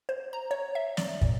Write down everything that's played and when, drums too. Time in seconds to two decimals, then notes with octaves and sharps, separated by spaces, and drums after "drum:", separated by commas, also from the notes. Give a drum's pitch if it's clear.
0.09 C5
0.33 A#5
0.51 C#5
0.75 E5
0.97 D5, drum: snare
1.21 A#2, drum: kick